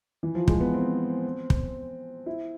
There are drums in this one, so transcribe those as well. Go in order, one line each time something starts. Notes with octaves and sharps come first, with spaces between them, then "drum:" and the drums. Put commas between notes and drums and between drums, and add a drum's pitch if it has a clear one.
E3
F3
G#3, drum: kick
B3
C4
drum: kick
E4